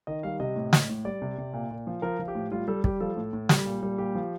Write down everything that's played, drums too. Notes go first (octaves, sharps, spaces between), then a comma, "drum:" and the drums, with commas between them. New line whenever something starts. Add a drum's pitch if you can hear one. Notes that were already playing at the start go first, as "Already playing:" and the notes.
D#3 D#5
G3 F5
C3 D#5
A2
A2, drum: snare
A2
G3 D5
C3
C3
A#2
A#2
F3
F3 A#4
F3
G4
A2
G3 F4
G3 A4
G3 G4, drum: kick
F3 A4
A2
A2
G3, drum: snare
A#2
G3
A#2 G4
F3